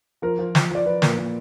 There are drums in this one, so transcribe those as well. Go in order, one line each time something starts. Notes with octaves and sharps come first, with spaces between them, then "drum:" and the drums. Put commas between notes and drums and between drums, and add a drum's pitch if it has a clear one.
F3 A#4
F3
F3, drum: snare
F3 D5
F3 B4
A#2, drum: snare
A#2